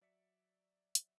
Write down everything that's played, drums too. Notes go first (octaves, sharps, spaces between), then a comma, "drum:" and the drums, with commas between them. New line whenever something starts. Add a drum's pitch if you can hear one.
F#3 D5 E5 B6 C#7
drum: hi-hat